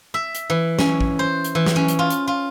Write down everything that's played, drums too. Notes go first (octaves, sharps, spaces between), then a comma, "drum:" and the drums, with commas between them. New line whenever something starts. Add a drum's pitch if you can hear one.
E5
drum: hi-hat
E3
C#4, drum: snare
drum: kick
C5
drum: hi-hat
E3
drum: snare
C#4
drum: hi-hat
F4
drum: hi-hat
F4